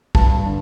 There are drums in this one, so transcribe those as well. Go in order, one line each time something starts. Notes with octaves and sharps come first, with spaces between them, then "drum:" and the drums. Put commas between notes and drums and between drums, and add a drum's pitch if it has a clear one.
G2 A5, drum: kick
D3